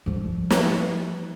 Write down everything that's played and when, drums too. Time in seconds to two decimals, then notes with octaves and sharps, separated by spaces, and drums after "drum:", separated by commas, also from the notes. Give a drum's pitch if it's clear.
0.06 F3 G3
0.50 drum: snare